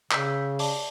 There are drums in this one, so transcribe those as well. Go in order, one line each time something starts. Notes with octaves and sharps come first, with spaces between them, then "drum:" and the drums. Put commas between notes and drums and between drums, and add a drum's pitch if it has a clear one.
C#3 E6 G6 B6, drum: clap
D5 A5 D6, drum: open hi-hat